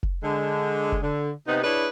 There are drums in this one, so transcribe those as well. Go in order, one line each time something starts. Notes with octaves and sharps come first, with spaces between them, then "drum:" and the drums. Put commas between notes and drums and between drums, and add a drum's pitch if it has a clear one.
drum: kick F1
D3 G#3
drum: kick F1
D3
C3 B3 D#4
D4 E4 G#4 B4 C#5 D5